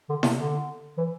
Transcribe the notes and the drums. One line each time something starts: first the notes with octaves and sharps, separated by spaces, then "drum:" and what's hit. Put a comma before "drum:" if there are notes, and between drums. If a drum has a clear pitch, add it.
D3
C3, drum: snare E4
D3
E3